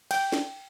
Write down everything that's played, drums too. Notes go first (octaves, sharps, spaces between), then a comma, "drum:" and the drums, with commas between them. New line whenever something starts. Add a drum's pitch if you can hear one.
G5, drum: cymbal
drum: snare